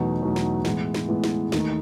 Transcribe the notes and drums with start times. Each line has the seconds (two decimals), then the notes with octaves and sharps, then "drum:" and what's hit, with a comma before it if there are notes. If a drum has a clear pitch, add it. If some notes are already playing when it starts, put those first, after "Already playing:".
Already playing: E2 B2 F#3 A3 D#4
0.22 E2 B2 F#3 A3 D#4
0.36 drum: snare
0.65 A2 E3 G#3 B3, drum: snare
0.94 drum: snare
1.08 A2 E3 G#3 B3
1.24 drum: snare
1.52 D#2 D#3 A3 D#4, drum: snare